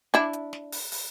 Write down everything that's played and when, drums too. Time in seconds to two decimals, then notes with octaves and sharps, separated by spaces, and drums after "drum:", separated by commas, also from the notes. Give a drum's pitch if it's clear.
0.14 D4 E4, drum: hi-hat
0.33 drum: hi-hat
0.53 drum: snare
0.72 drum: open hi-hat
0.92 drum: open hi-hat